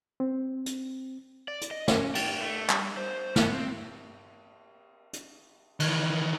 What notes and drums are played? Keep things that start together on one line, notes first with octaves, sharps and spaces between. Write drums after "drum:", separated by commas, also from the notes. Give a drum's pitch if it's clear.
C4
drum: hi-hat
D5
drum: hi-hat
D#5
C#4, drum: snare
G5, drum: cymbal
A3
G3, drum: clap
C5
B3, drum: snare
C4
drum: hi-hat
D#3 E3, drum: cymbal